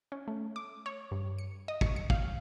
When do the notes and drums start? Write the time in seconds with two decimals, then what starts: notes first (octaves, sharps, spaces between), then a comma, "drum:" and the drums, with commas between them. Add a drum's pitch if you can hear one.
0.12 C#4
0.28 A3
0.56 D6
0.86 C#5
1.11 G2
1.38 C#7
1.68 D#5
1.81 C#6, drum: kick
1.96 C#7
2.10 F5, drum: kick